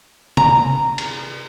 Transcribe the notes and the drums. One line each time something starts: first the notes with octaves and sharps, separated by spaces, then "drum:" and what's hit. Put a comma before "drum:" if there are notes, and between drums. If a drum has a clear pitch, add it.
A#5, drum: tom C3
drum: cymbal